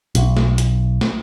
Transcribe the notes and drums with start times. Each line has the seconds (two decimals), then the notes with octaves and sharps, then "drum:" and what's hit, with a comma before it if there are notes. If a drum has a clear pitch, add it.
0.15 B1, drum: hi-hat
0.37 drum: snare
0.58 drum: hi-hat
1.01 drum: snare